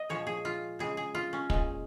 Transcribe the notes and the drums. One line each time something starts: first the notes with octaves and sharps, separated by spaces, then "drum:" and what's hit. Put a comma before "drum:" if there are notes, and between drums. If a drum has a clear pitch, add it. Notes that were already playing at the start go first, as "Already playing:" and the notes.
Already playing: D#5
A#2 F3 G#3 C#5
G#4
F4
C#3 G#3 G#4
G#4
F4
C#4
A#2 G#3, drum: kick